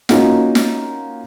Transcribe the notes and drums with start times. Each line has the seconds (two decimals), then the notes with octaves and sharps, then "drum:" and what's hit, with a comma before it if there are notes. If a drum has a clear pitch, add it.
0.09 A#3 C#4 D#4 F4 F#4, drum: snare
0.55 drum: snare